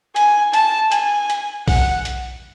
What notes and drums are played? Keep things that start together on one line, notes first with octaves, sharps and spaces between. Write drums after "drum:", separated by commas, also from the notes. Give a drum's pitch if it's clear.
G#5, drum: hi-hat
A5, drum: hi-hat
G#5, drum: hi-hat
drum: hi-hat
F#5, drum: kick A#1, open hi-hat
drum: hi-hat